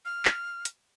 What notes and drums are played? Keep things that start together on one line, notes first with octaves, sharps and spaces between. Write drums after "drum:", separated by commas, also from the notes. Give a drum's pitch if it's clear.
F6
drum: clap
drum: hi-hat